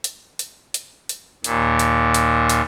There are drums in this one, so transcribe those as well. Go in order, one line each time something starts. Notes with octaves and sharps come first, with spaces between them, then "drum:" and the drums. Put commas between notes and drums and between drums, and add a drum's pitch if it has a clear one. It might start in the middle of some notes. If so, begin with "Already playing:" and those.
drum: hi-hat
drum: hi-hat
drum: hi-hat
drum: hi-hat
D#2 A#2, drum: hi-hat
drum: hi-hat
drum: hi-hat
drum: hi-hat